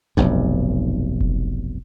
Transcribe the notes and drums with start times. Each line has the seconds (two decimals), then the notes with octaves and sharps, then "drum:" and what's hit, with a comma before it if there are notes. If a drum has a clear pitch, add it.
0.17 F1 B1 G2
1.21 drum: kick F1